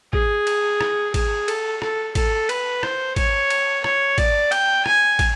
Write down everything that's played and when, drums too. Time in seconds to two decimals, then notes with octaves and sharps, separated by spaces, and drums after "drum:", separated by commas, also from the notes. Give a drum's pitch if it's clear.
0.13 G#4, drum: kick
0.47 drum: cymbal
0.81 drum: rim click
1.14 G#4, drum: kick, cymbal
1.48 A4, drum: cymbal
1.82 A4, drum: rim click
2.15 A4, drum: kick, cymbal
2.49 B4, drum: cymbal
2.83 C5, drum: rim click
3.16 C#5, drum: kick, cymbal
3.50 drum: cymbal
3.84 C#5, drum: rim click
4.18 D5, drum: kick, cymbal
4.52 G5, drum: cymbal
4.86 G#5, drum: rim click
5.19 drum: kick, cymbal